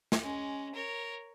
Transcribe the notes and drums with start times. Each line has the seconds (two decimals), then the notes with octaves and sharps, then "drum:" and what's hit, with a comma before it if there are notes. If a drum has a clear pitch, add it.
0.12 drum: snare
0.21 G#3 C#4
0.74 A#4 C#5